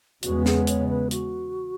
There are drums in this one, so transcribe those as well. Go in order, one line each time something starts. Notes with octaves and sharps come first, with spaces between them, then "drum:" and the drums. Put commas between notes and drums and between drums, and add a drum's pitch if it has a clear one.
E2 C#3 G#3 B3 F#4, drum: hi-hat
G#4, drum: snare
B4
C#5, drum: hi-hat
B4
F#4, drum: hi-hat